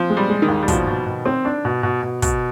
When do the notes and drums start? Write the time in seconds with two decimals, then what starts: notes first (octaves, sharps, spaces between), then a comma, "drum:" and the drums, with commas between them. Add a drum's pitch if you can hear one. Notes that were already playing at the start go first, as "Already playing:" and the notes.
Already playing: F3 C4
0.10 G#3
0.17 G3
0.29 G#3
0.42 D#3
0.48 D#2
0.63 G3
0.68 B2 F3, drum: kick, hi-hat
0.87 B2
1.06 B2
1.26 C4
1.45 D4
1.65 B2
1.83 B2
2.02 B2
2.22 B2, drum: kick, hi-hat